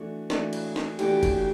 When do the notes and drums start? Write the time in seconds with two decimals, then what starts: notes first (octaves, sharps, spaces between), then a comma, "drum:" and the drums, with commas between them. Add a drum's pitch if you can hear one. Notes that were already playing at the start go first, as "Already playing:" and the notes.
Already playing: E3 A3 D4 F#4
0.30 E3 A3 D4 F#4, drum: snare
0.53 drum: cymbal
0.76 drum: snare
0.99 E3 A3 D4 F#4 G4, drum: cymbal
1.23 drum: kick G1, cymbal